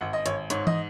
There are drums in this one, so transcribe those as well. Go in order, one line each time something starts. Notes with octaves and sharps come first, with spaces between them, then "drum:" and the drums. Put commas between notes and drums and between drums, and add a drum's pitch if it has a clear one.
G#1 F#5
D#5
G#1 C#5, drum: hi-hat
G#2 C#5, drum: hi-hat
D#5, drum: tom